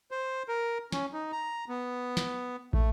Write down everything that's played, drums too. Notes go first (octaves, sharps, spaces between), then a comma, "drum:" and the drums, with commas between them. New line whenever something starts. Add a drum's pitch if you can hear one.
C5
A#4
C#4, drum: snare
D#4
A#5
B3
drum: snare
A3, drum: kick